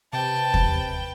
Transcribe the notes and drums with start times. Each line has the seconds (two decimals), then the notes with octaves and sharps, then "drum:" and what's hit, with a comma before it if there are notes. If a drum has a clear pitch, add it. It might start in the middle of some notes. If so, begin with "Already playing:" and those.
0.13 C3 B4 G5 A5
0.54 drum: kick